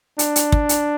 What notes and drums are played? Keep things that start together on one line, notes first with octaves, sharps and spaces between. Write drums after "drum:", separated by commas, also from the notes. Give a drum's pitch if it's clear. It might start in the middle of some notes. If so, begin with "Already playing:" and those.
D4, drum: hi-hat
drum: hi-hat
drum: kick
drum: hi-hat